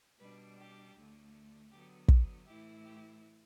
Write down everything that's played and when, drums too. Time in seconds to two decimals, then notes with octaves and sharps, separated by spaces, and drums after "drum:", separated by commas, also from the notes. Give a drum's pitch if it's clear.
0.20 B2 G3 D4 B4
0.58 G4
0.96 D2 D3 A3
1.71 D3 F#3 B3 G4
2.08 drum: kick
2.47 A2 E3 A3 E4 G4
2.85 G4